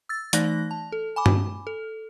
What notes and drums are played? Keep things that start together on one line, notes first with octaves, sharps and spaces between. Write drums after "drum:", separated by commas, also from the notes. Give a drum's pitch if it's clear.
E6 A6
E3 A3 D#4 D5 F#6 A#6, drum: hi-hat
A5
A4
G#5 B5 D6
drum: tom G2
A4